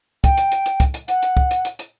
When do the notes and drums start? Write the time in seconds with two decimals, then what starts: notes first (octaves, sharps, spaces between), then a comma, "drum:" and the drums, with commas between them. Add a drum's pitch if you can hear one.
0.24 G5, drum: kick, hi-hat
0.38 drum: hi-hat
0.52 drum: hi-hat
0.66 drum: hi-hat
0.80 drum: kick, hi-hat
0.94 drum: hi-hat
1.08 F#5, drum: hi-hat
1.22 drum: hi-hat
1.37 drum: kick
1.51 drum: hi-hat
1.65 drum: hi-hat
1.79 drum: hi-hat